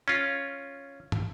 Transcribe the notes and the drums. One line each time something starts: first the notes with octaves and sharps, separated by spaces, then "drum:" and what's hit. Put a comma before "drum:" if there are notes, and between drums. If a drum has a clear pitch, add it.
C#4 F4
drum: tom